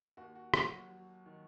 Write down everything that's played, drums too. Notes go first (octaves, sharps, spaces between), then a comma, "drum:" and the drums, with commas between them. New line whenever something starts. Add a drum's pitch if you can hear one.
D#2 F#4
F#4
F#3, drum: rim click
F#4
F#3
D#3